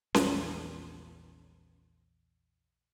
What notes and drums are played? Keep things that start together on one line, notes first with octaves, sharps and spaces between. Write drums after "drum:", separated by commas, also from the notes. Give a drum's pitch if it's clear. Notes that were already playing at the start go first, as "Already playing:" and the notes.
A#1 E2 A#2, drum: snare C#4